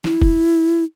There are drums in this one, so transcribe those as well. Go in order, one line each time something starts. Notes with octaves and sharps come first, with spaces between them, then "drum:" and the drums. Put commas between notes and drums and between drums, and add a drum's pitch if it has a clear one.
E4, drum: snare
drum: kick